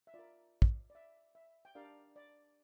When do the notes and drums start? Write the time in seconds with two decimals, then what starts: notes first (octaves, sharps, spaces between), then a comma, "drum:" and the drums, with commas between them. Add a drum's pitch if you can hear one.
0.07 E5
0.14 F4 D5
0.19 A#4
0.62 drum: kick
0.90 D5
0.95 E5
1.35 E5
1.65 G5
1.75 D4 G4 A#4 D5 F5
2.16 D5